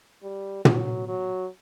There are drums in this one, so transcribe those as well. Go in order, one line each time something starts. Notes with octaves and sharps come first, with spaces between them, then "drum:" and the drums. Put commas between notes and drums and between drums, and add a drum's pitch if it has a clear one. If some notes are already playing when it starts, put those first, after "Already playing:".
G3
F#3, drum: tom
F#3